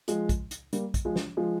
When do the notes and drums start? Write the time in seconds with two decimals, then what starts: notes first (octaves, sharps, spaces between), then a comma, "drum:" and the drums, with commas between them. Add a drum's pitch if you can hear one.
0.08 F3 G#3, drum: hi-hat
0.29 drum: kick A#1, hi-hat
0.51 drum: hi-hat
0.73 G3 A#3, drum: hi-hat
0.94 drum: kick A#1, hi-hat
1.05 F3 G#3
1.16 drum: snare
1.37 F3 G#3